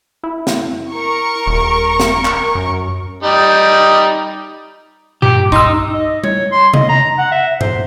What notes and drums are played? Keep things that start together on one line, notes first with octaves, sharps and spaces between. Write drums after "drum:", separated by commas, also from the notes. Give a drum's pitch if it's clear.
E4
drum: snare
A#4 C#6
D#1
drum: snare
drum: clap
F#2
G3 D#4
G2 A#2 G4 D7
D#4 C6 D#6 E6, drum: kick
D#5
C#5, drum: tom G3
C6
D#5, drum: tom C3
A#5
F#5
E5
C5, drum: tom G2